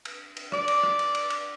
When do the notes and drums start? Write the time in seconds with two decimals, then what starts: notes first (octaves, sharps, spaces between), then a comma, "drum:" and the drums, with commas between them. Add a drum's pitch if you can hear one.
0.05 drum: cymbal
0.37 drum: cymbal
0.52 D5, drum: rim click
0.68 drum: cymbal
0.83 drum: rim click
0.99 drum: cymbal
1.15 drum: cymbal
1.30 drum: cymbal